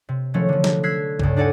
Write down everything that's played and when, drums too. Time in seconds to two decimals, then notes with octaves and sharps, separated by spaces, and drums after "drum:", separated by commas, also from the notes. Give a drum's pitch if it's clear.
0.09 C3
0.34 D#3 F3 F#3 A3 C#4
0.49 D3 F3
0.64 drum: snare
0.83 E6 F#6 G#6 B6 C7
1.20 D2 G2 C#3, drum: kick A#1
1.36 D4 D#4 A4 D5 F#5 G#5